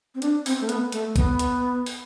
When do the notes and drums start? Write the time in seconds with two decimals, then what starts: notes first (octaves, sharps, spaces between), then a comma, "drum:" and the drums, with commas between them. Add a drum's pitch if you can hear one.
0.15 C4
0.22 D4, drum: hi-hat
0.46 C4, drum: open hi-hat
0.61 A3
0.69 B3, drum: hi-hat
0.92 A3, drum: hi-hat
1.16 B3, drum: kick, hi-hat
1.39 drum: hi-hat
1.86 drum: open hi-hat